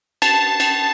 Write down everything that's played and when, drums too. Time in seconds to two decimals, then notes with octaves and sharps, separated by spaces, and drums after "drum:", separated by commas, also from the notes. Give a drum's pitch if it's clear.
0.22 A5, drum: cymbal
0.60 drum: cymbal